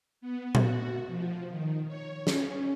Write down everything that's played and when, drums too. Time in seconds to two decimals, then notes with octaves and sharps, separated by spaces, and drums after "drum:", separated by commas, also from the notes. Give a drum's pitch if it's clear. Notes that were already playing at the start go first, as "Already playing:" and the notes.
0.21 B3
0.55 F#4, drum: tom A#2
1.07 F3
1.50 D#3
1.88 C#5
2.27 C#4, drum: snare